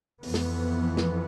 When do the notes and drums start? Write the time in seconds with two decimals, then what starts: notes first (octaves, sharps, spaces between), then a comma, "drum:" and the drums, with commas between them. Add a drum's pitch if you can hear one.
0.23 F2 E3 B3, drum: open hi-hat
0.34 drum: snare
0.97 drum: snare